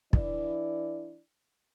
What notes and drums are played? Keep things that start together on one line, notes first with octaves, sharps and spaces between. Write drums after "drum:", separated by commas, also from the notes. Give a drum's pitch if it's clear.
E3 D4 E4 D5, drum: kick